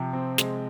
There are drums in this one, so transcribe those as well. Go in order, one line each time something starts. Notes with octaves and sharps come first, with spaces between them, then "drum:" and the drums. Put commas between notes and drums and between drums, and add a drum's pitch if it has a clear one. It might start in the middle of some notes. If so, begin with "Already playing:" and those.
Already playing: C3 F3
C4
G#3, drum: snare